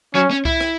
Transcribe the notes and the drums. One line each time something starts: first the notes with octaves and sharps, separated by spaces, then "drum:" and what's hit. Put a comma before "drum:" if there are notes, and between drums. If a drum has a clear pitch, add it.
F#3 C#4
C#4
E4, drum: kick C2
drum: rim click